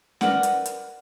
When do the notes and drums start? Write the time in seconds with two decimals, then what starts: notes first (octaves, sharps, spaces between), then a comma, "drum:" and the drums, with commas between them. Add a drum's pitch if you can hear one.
0.21 A#4 B4 D5 F#5, drum: snare C#4
0.43 drum: hi-hat
0.66 drum: hi-hat